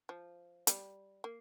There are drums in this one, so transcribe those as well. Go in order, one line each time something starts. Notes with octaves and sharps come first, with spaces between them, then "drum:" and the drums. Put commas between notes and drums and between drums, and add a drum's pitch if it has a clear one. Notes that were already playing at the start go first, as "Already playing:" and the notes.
F3
G3, drum: hi-hat
A#3